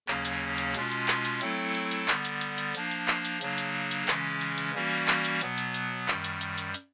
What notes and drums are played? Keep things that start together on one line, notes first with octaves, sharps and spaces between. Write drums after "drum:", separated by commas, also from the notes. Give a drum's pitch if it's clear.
D#2 C#3 F#3 A#3 C#4, drum: clap
drum: hi-hat
drum: hi-hat
B2 G#3 C#4 F4, drum: hi-hat
drum: hi-hat
drum: clap
drum: hi-hat
F#3 A3 C4 E4 A4, drum: hi-hat
drum: hi-hat
drum: hi-hat
D3 G3 B3, drum: clap
drum: hi-hat
drum: hi-hat
drum: hi-hat
F3 A#3 D4, drum: hi-hat
drum: hi-hat
drum: clap
drum: hi-hat
C#3 F#3 A#3 D4, drum: hi-hat
drum: hi-hat
drum: hi-hat
C#3 E3 G#3 C#4, drum: clap
drum: hi-hat
drum: hi-hat
E3 G3 A#3 C#4 F#4
drum: clap
drum: hi-hat
B2 F#3 B3, drum: hi-hat
drum: hi-hat
drum: hi-hat
F#2 D#3 G3, drum: clap
drum: hi-hat
drum: hi-hat
drum: hi-hat
drum: hi-hat